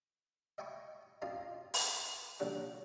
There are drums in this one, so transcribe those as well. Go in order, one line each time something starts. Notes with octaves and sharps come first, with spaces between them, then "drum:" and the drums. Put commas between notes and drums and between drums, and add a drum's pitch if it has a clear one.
D#5 E5 G5 G#5 B5 C#6
F#2 C4 F4 D5 D#5 G#5
drum: open hi-hat
A#1 D3 F#3 G3 C#4 D4